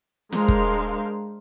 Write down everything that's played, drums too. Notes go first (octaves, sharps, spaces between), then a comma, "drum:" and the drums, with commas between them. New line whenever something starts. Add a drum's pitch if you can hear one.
G#3 D4 A#4 C5 F5, drum: snare
drum: kick